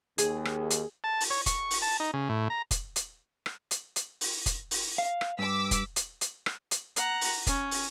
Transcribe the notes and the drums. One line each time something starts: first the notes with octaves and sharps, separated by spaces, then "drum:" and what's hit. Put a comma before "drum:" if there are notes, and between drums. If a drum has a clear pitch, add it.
D#2 G#4, drum: hi-hat
drum: rim click
drum: hi-hat
A5
drum: open hi-hat
C#5
C#6, drum: kick F1, hi-hat
drum: open hi-hat
A5
D#4
C#3
A2
A#5
drum: kick F1, hi-hat
drum: hi-hat
drum: rim click
drum: hi-hat
drum: hi-hat
drum: open hi-hat
drum: kick F1, hi-hat
drum: open hi-hat
F5
drum: rim click
G2 D6 E6 B6
drum: kick F1, hi-hat
drum: hi-hat
drum: hi-hat
drum: rim click
drum: hi-hat
F#5 A#5, drum: hi-hat
drum: open hi-hat
C#4, drum: kick F1, hi-hat
drum: open hi-hat